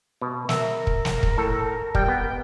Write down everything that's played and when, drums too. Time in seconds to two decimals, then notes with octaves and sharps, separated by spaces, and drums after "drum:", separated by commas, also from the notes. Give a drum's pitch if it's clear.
0.21 B2
0.49 A#4 E5, drum: snare
0.87 drum: kick
1.05 drum: snare
1.23 drum: kick
1.38 A2 A4
1.95 G3 G5, drum: kick
2.08 B3